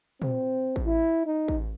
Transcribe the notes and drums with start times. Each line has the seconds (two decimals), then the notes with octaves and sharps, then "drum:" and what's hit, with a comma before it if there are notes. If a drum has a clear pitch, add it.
0.22 C4, drum: tom A#2
0.76 drum: kick A1
0.86 E4
1.26 D#4
1.48 drum: kick A1